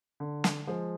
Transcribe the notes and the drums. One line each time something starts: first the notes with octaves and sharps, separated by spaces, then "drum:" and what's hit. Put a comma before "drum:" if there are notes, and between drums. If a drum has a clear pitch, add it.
D3
drum: snare
F3 G#3